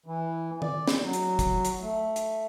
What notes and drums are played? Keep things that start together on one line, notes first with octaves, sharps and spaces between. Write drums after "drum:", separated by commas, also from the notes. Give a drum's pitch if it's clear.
E3
D5, drum: tom
drum: snare
F#3
drum: hi-hat
drum: kick, hi-hat
drum: hi-hat
A3
drum: hi-hat